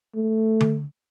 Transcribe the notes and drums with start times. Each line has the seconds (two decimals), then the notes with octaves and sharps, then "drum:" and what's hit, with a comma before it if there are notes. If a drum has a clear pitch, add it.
0.15 A3
0.60 drum: tom D3